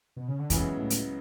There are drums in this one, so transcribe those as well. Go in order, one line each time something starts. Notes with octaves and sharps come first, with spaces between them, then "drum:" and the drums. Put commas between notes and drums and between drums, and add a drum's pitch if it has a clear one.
B2
C#3
D3
C#2 C#3 E3 F#3 B3 E4, drum: kick, hi-hat
A2
drum: hi-hat